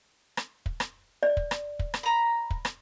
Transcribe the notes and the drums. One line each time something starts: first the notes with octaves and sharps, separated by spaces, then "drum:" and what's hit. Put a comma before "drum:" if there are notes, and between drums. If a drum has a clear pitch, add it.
drum: rim click
drum: kick
drum: rim click
D5
drum: kick
drum: rim click
drum: kick
drum: rim click
A#5 B5
drum: kick
drum: rim click